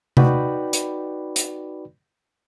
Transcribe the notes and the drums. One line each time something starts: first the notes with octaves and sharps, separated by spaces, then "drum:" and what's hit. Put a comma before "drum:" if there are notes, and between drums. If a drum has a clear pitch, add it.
D#4 F#4 B4 D5 G5 B5, drum: tom C3
drum: hi-hat
drum: hi-hat